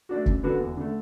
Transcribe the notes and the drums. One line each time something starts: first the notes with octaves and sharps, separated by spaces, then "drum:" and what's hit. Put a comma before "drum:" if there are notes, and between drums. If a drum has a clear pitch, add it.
A3 D4 F#4
F#2, drum: kick
D3 B3 F#4 A4
E2
D3 A3